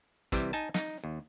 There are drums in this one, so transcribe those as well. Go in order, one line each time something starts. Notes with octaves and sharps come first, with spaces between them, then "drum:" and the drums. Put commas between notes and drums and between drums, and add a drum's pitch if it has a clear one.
C3 E3 G3, drum: kick, hi-hat
D#4 G#5 A5
D#4, drum: snare
D#2